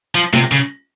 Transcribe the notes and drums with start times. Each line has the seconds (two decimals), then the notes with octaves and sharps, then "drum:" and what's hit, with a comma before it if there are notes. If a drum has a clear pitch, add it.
0.15 F3
0.33 C3, drum: snare
0.52 C#3